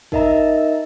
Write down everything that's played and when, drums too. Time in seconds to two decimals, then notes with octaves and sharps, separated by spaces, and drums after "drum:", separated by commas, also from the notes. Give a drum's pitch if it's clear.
0.12 D#4 A#4 D#5 E5 A#5, drum: kick